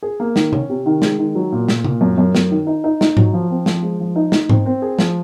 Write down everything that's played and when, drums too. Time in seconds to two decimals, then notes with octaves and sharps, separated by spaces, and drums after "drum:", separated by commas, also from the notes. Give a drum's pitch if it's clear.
0.03 G#4
0.20 A#3
0.36 D#3, drum: snare
0.53 C#4, drum: tom
0.69 C3
0.86 D#3
1.02 G#3, drum: snare
1.19 D#3
1.35 F#3
1.52 A#2
1.68 A#2, drum: snare
1.85 A#2, drum: tom
2.01 F#2
2.18 F#2
2.35 F#2, drum: snare
2.51 D#3
2.67 D#4
2.84 D#4
3.01 D#4, drum: snare
3.17 F#3, drum: tom G#2
3.33 F3
3.50 C4
3.66 F3, drum: snare
3.83 G#3
4.00 F3
4.16 D#4
4.32 D#4, drum: snare
4.49 C4, drum: tom G#2
4.66 C4
4.82 G#4
4.99 F3, drum: snare